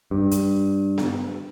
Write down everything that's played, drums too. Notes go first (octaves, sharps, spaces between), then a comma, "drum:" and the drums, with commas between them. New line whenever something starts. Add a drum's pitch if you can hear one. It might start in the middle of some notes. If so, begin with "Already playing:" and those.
G2
drum: hi-hat
drum: snare B3